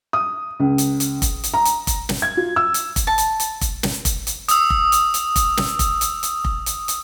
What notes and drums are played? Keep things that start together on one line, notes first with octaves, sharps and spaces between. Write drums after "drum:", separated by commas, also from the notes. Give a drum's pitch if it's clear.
D#6
C#2
drum: hi-hat
drum: hi-hat
drum: kick F1, hi-hat
drum: hi-hat
A#5
drum: hi-hat
drum: kick F1, hi-hat
drum: snare
G#6
F4
E6
drum: hi-hat
drum: kick F1, hi-hat
A5
drum: hi-hat
drum: hi-hat
drum: kick F1, hi-hat
drum: snare
drum: kick F1, hi-hat
drum: hi-hat
D#6 E6, drum: hi-hat
drum: kick F1
drum: hi-hat
drum: hi-hat
drum: kick F1, hi-hat
drum: snare
drum: kick F1, hi-hat
drum: hi-hat
drum: hi-hat
drum: kick F1
drum: hi-hat
drum: hi-hat